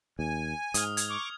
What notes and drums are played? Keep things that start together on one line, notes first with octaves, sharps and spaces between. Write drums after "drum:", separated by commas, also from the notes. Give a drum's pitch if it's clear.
D#2 G#5
G#2 D#6 F6, drum: hi-hat
G#6 F7, drum: hi-hat
C#6 D6